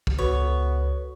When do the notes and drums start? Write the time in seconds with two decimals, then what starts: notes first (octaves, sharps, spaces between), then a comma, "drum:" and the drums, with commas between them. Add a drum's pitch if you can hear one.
0.07 drum: kick
0.18 C#2 B3 F#4 A4 B4 C#5